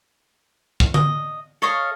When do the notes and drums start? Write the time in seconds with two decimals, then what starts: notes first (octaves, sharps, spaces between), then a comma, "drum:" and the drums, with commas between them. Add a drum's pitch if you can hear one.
0.80 drum: kick
0.94 D#5, drum: tom D3
1.62 A4 C#5 D#5 F5